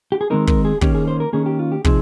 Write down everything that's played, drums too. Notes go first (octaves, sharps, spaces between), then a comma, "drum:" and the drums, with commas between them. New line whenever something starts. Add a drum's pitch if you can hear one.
G4
G#4
D#3 G#3 C4 D#4 A#4
A#4, drum: kick
G#4
D#3 A#3 C#4 G4, drum: kick
G#4
C5
A#4
D#3 A#3 C#4 G#4
G4
F4
G4
C3 F3 C4 D#4 G#4, drum: kick